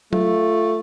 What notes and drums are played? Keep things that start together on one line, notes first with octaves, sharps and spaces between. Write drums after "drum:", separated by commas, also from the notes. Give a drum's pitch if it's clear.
A3 F4, drum: tom F#3